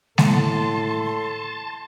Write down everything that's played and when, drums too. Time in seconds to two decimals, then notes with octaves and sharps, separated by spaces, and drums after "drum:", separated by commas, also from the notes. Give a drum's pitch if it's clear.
0.18 A2 A4 A5 C6, drum: snare G#3